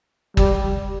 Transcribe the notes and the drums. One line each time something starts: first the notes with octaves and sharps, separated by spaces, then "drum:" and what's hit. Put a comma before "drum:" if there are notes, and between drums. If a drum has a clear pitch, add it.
G3, drum: kick